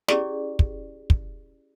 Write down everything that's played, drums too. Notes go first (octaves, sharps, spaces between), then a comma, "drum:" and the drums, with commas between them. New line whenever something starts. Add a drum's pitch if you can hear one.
C#4 E4 G4 G#4 D5, drum: snare
drum: kick
drum: kick